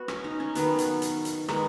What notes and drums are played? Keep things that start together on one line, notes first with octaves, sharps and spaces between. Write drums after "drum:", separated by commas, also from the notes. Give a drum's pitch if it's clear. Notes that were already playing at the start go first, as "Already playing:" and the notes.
Already playing: B3 F#4
C#4, drum: rim click
D#4
C#4
D#3 F#3 B3, drum: hi-hat
drum: hi-hat
drum: hi-hat
drum: hi-hat
D#3 G#3 B3 D#4, drum: rim click